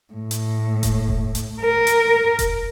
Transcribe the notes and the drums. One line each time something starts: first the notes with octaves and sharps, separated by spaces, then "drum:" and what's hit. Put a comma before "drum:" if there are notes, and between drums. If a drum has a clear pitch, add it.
A2
drum: hi-hat
drum: kick E1, hi-hat
drum: kick E1
drum: hi-hat
A#4
drum: hi-hat
drum: kick E1, hi-hat